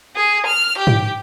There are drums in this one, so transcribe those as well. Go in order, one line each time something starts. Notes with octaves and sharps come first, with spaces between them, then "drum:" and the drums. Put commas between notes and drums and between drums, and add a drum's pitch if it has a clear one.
G#4
F6
G4
drum: tom G#2